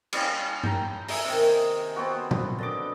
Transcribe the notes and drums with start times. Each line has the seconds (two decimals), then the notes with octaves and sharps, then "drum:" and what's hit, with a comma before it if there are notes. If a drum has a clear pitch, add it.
0.13 G3 C#4, drum: cymbal
0.63 G5 A#5, drum: tom G2
1.08 G#4 E5 A#5, drum: open hi-hat
1.25 C3 D#3
1.96 B3 C4 F#4
2.31 drum: tom
2.59 D3 D#5 D6